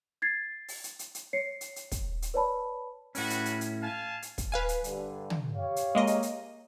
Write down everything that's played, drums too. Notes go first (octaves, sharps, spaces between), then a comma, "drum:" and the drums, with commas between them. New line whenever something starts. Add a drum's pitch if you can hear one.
G#6 A6 C7
drum: open hi-hat
drum: hi-hat
drum: hi-hat
drum: hi-hat
C#5 C7 C#7
drum: hi-hat
drum: hi-hat
drum: kick, hi-hat
drum: hi-hat
B4 C#5 D5 A5 B5
A2 C#4 F#4 G4 B4, drum: open hi-hat
drum: hi-hat
drum: hi-hat
drum: hi-hat
F5 G#5 A5
drum: hi-hat
drum: kick, hi-hat
B4 F5 G#5
drum: hi-hat
G2 D3, drum: hi-hat
drum: tom
G4 C#5 F5
drum: hi-hat
G#3 A#3 D#5
drum: hi-hat
drum: hi-hat